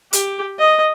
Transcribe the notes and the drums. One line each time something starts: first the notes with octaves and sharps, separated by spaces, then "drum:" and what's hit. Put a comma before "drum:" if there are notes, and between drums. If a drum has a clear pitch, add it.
G4, drum: hi-hat
D#5